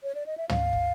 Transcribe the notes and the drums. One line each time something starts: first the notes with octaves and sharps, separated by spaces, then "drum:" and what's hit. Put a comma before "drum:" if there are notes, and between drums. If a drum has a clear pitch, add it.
C#5
D5
D#5
E5
F5, drum: tom
drum: kick